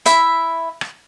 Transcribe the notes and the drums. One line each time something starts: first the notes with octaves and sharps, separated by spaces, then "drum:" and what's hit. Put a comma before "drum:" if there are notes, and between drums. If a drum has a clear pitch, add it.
E4 E5, drum: hi-hat
drum: rim click